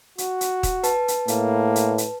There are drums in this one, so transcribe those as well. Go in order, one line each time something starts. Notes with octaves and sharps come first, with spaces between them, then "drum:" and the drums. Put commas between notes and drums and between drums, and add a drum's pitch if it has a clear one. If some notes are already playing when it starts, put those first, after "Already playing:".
F#4, drum: hi-hat
drum: hi-hat
drum: kick D#1, hi-hat
B4 A5, drum: hi-hat
drum: hi-hat
A2 A#3, drum: hi-hat
drum: hi-hat
drum: hi-hat